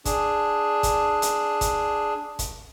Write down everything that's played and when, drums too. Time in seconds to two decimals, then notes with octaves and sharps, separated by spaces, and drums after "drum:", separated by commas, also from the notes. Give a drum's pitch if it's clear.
0.05 D4 G#4, drum: kick, hi-hat
0.83 drum: kick, hi-hat
1.22 drum: hi-hat
1.61 drum: kick, hi-hat
2.39 drum: kick, hi-hat